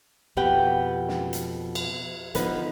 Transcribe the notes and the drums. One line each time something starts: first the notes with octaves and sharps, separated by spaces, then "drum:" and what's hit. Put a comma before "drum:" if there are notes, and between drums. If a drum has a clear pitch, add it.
F2 B2 B3 G4 F#5 G5
drum: snare
drum: hi-hat
drum: cymbal
D3 F3 B3 D#4 B4, drum: hi-hat